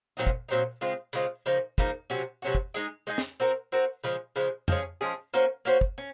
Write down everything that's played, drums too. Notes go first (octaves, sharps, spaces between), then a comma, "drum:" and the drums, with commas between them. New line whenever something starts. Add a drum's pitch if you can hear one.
A#2 F#3 C4 D#4
drum: kick
A#2 F#3 C4 D#4
C#3 G#3 C4 F4
C#3 G#3 C4 F4, drum: hi-hat
C#3 F3 A#3 D#4
C#3 F3 A#3 D#4, drum: kick
C3 F#3 C#4 F#4
C3 F#3 C#4 F#4
drum: kick
G#3 D#4 G#4 D#5, drum: hi-hat
G#3 D#4 G#4 D#5
drum: snare
C4 F#4 A#4
C4 F#4 A#4
C#3 F3 G#3
C#3 F3 G#3
F3 G#3 C#4 G#4, drum: tom
F3 G#3 C#4 G#4
A#3 C#4 F#4 C5
A#3 C#4 F#4 C5
drum: kick
C#4